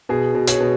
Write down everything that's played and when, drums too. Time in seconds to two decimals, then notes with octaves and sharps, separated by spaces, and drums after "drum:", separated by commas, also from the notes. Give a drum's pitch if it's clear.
0.09 B2 G#4
0.35 B2
0.48 G#4 C#5, drum: hi-hat
0.60 B2